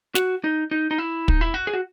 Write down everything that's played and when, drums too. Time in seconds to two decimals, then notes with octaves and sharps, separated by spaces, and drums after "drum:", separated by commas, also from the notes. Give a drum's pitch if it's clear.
0.15 F#4, drum: snare
0.44 D#4
0.71 D#4
0.91 D#4
0.98 E4
1.28 D#4, drum: kick
1.41 E4
1.54 F#4
1.67 G#4
1.73 F#4